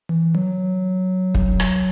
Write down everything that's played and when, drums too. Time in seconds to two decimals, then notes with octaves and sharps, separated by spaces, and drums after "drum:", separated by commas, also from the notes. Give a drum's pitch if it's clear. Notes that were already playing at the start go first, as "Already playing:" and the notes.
0.09 E3
0.35 F#3
1.35 drum: kick
1.60 drum: rim click